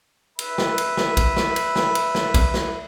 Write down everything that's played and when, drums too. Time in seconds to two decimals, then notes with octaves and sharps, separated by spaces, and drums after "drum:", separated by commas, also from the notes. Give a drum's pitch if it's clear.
0.39 B4 E5 B5, drum: cymbal
0.58 drum: snare
0.78 drum: cymbal
0.97 drum: snare
1.17 drum: kick, cymbal
1.37 drum: snare
1.56 drum: cymbal
1.76 drum: snare
1.95 drum: cymbal
2.15 drum: snare
2.34 drum: kick, cymbal
2.54 drum: snare